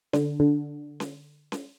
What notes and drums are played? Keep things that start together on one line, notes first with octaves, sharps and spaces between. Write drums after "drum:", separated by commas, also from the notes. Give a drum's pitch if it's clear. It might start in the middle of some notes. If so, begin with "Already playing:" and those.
D3, drum: snare C#4
D3
drum: snare C#4
drum: snare C#4